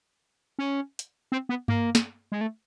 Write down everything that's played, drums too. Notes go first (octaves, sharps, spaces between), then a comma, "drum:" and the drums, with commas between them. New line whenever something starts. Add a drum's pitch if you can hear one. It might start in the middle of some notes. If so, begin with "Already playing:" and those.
C#4
drum: hi-hat
C4
B3
A#3, drum: tom G2
drum: snare
G#3
A3